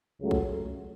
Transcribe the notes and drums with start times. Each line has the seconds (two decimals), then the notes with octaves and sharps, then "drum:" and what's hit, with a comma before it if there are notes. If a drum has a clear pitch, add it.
0.21 C#2 C#3 F#3 A3
0.31 drum: kick